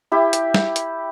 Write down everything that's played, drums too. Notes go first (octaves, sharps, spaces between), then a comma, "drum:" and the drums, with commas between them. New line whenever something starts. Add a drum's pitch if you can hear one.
E4 G4
drum: hi-hat
drum: snare
drum: hi-hat